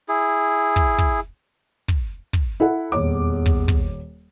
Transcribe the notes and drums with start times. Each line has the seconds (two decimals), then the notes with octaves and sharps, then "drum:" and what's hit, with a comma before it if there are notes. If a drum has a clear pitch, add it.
0.09 E4 G#4
0.76 drum: kick
0.98 drum: kick
1.88 drum: kick
2.33 drum: kick
2.60 E4 A4 F#5
2.92 D#1 E2 C#5 D6
3.46 drum: kick
3.68 drum: kick